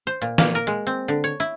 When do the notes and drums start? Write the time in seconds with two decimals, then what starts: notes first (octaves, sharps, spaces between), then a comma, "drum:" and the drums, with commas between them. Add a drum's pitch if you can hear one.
0.07 C5
0.22 A#2
0.38 A#3, drum: snare
0.55 A#4
0.67 G#3
0.87 C4
1.08 D3
1.24 C#5
1.40 E4